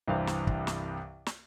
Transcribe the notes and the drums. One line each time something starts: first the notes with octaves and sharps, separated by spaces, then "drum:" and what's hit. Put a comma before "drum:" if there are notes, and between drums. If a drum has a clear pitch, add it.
C2 G2 C3 E3 C5 F5
drum: snare
drum: kick
drum: snare
drum: snare